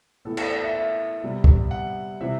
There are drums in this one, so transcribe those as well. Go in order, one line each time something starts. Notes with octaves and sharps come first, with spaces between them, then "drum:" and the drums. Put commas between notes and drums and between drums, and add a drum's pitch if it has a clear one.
A2 E3 B3 A4
A4, drum: cymbal
D5
E5
E5
C3 G3 B3
drum: kick C2
F#5
C3 E3 G3 C4 E5